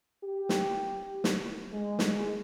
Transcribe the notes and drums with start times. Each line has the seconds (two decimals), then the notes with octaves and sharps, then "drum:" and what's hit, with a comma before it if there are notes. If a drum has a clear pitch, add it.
0.24 G4
0.49 drum: snare
1.24 drum: snare
1.73 G#3
1.99 drum: snare